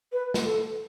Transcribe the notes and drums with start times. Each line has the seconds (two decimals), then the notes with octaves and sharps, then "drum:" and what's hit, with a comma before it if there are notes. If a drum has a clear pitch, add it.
0.13 B4
0.34 drum: snare
0.45 A4